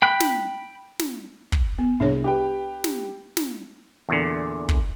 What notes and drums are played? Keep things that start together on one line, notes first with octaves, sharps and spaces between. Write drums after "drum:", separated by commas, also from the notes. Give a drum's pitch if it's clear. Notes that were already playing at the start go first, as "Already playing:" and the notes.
G5 B5 F#6
drum: snare
drum: snare
drum: kick
B3
C2 D4 G#4 C#5
G4 B4 G5
drum: snare
drum: snare
E2 A#2 D3
drum: kick